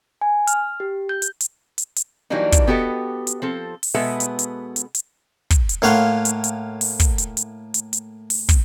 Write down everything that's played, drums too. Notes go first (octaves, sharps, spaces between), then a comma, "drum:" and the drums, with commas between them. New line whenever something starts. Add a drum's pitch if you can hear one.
G#5
F6, drum: hi-hat
G4
G6
drum: hi-hat
drum: hi-hat
drum: hi-hat
drum: hi-hat
E3 F#3 G3 A#3 D4 D#4
drum: kick, hi-hat
B3 F#4 G4 A4 D#5
drum: hi-hat
F3 C4 A4
drum: open hi-hat
B2 G#3 B3 A4 B4 E5
drum: hi-hat
drum: hi-hat
drum: hi-hat
drum: hi-hat
drum: kick, hi-hat
drum: hi-hat
A2 A#3 C#5 F5 F#5 C6
drum: hi-hat
drum: hi-hat
drum: open hi-hat
drum: kick, hi-hat
drum: hi-hat
drum: hi-hat
drum: hi-hat
drum: hi-hat
drum: open hi-hat
drum: kick, hi-hat